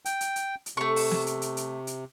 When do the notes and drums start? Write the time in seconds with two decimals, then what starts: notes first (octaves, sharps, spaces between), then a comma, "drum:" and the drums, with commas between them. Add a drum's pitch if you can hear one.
0.05 G5, drum: hi-hat
0.21 drum: hi-hat
0.36 drum: hi-hat
0.66 drum: hi-hat
0.77 C3 A3 C#6
0.96 drum: open hi-hat
1.11 drum: snare
1.26 drum: hi-hat
1.42 drum: hi-hat
1.57 drum: hi-hat
1.87 drum: hi-hat